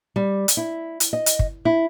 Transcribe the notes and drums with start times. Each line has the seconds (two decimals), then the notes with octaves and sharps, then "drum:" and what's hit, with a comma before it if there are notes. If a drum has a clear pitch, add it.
0.16 G3
0.48 drum: hi-hat
0.57 E4
1.00 drum: hi-hat
1.13 D#5
1.26 drum: hi-hat
1.39 drum: kick
1.65 E4